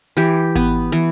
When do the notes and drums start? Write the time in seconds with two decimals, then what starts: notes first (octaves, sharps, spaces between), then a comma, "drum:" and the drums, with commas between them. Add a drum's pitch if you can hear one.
0.17 E3 G4
0.56 B3, drum: kick G#1
0.92 E3